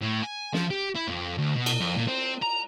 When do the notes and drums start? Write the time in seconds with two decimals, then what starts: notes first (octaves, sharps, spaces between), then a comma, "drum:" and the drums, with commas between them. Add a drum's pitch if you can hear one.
0.02 A2
0.23 G#5
0.54 F3, drum: snare
0.71 G4
0.95 E4
1.08 F2
1.39 D2
1.56 B2
1.66 drum: cymbal
1.81 F2
1.97 A#2
2.08 C4
2.42 A#5